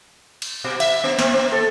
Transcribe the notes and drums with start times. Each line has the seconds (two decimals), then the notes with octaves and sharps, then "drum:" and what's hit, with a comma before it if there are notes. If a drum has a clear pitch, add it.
0.42 drum: cymbal
0.64 B2
0.80 E5, drum: cymbal
1.04 B3
1.19 C4, drum: snare
1.34 B3
1.52 A4